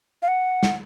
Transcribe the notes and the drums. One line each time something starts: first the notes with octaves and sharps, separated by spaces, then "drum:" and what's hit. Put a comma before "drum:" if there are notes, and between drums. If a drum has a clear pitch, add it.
F5
F#5
drum: snare